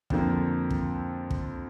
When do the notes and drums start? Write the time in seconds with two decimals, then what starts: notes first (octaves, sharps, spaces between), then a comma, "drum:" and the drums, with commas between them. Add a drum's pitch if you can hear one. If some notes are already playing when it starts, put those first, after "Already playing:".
0.10 F2 D3 F3 A#3, drum: kick
0.70 drum: kick
1.31 drum: kick